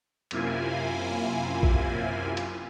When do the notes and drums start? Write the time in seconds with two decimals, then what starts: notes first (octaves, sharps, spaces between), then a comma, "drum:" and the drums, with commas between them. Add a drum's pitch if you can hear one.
0.31 F#2 C3 A#3 E4 F4 G#5, drum: cymbal
1.63 drum: kick A#1
2.37 drum: cymbal